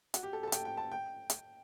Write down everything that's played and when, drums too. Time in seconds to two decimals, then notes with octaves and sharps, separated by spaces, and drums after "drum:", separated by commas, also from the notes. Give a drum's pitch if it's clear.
0.14 F#4, drum: hi-hat
0.23 G4
0.33 A4
0.43 A4
0.48 A5
0.52 G5, drum: hi-hat
0.65 G5
0.77 A5
0.92 G5
1.30 drum: hi-hat